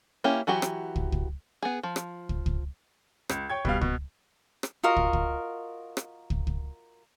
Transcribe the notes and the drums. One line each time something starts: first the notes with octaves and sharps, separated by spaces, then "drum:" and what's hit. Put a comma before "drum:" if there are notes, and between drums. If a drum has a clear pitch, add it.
A#3 C#4 E4 G4
E3 F#3 F#4 G4
drum: rim click
drum: kick
drum: kick
B3 G#4
F3
drum: rim click
drum: kick
drum: kick
C#2, drum: rim click
C#5 G5 G#6
B2 G3 F5, drum: kick
B2, drum: kick
drum: rim click
F4 F#4 A#4 D#5
drum: kick
drum: kick
drum: rim click
drum: kick
drum: kick